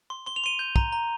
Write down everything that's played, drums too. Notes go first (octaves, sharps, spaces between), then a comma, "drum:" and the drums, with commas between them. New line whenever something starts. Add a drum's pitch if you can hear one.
C6
C6 G7
F7
C6 D#7 G7
G6
A#5, drum: kick
A#5